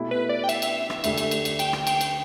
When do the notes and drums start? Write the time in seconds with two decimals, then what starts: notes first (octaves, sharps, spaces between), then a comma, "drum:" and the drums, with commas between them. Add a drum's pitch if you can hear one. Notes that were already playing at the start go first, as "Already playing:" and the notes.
Already playing: B2 A3 E4 G4
0.11 B4
0.29 D5
0.44 G5
0.49 E5, drum: cymbal
0.62 drum: cymbal
0.90 drum: rim click
1.04 D2 D3 A3 G4, drum: cymbal
1.18 drum: cymbal
1.31 drum: cymbal
1.45 drum: cymbal
1.59 G5, drum: cymbal
1.73 drum: rim click
1.87 G5, drum: cymbal
2.01 drum: cymbal